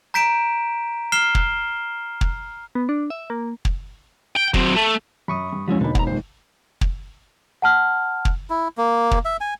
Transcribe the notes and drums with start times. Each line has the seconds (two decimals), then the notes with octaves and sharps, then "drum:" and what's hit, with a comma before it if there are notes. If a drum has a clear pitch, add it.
0.14 A#5 G6 B6 D7 E7
1.12 F6 C7 E7 G7
1.35 drum: kick
2.21 drum: kick
2.75 B3
2.89 D4
3.10 E5
3.30 A#3
3.65 drum: kick
4.36 G5
4.54 F#3 C4, drum: kick
4.76 A3
5.28 F#2 B5 C#6 D#6
5.53 G2
5.68 E2 G#2 C#3 F3 G#3 C#4 E4 F#4
5.81 E1 B2 D3 A#3 D#4 B5
5.95 F#5 A#5, drum: kick
6.07 G#1 F2 G#2 C5
6.81 drum: kick
7.62 F#5 A5 F6
8.25 drum: kick
8.50 E4
8.78 A#3
9.11 drum: kick
9.25 E5
9.41 G#5